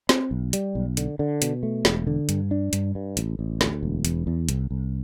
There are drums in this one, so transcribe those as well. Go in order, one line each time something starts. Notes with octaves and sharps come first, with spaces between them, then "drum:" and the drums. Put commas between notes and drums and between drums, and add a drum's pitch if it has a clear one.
C4, drum: snare
B1
G3, drum: hi-hat
B1
D3, drum: hi-hat
D3
B2, drum: hi-hat
A3
E1, drum: snare
D3
G2, drum: hi-hat
D4
G2, drum: hi-hat
G2
A1, drum: hi-hat
A1
D2, drum: snare
E1
E2, drum: hi-hat
E2
C2, drum: hi-hat
C2